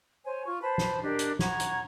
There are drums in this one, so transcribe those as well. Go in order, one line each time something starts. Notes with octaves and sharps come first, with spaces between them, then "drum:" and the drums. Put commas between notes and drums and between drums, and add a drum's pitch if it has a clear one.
C5 C#5 G#5
F4 C#6
B4 C5 A5 B5
drum: snare
D4 G4 A#4 D#5
drum: hi-hat
F#5 A#5 C#6 G#6, drum: snare
drum: hi-hat